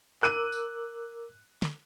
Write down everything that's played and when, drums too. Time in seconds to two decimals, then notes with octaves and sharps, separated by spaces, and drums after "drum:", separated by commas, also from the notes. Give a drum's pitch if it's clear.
0.23 A#4 D6 E6 F#6 D#7, drum: clap
0.52 drum: tambourine
1.62 drum: snare